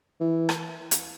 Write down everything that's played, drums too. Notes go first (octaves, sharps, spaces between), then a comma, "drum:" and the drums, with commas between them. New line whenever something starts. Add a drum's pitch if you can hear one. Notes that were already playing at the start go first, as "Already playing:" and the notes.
E3
drum: rim click
drum: hi-hat